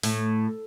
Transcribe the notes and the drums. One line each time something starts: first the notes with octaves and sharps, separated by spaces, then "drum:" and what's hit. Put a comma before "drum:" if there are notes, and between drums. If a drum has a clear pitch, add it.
A2, drum: open hi-hat